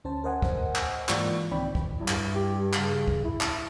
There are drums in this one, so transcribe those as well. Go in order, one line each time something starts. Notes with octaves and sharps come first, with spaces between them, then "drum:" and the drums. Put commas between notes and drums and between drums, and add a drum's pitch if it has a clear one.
D2 C#4 C5 A5
A#4 C5 D#5 F#5 G#5
drum: kick
drum: clap
G#2 E3 A#3 F4 D5 C#6, drum: clap
C2 D#3 C4 D5 G5 B5
drum: kick
G2 E4
drum: clap
G4
C#3, drum: clap
drum: kick
E4
drum: clap